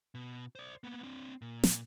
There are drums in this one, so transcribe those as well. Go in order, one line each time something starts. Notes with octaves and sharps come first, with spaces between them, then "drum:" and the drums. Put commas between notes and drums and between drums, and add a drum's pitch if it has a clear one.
B2
C5 D5
A#3 B3
C4 D4
A#2
drum: snare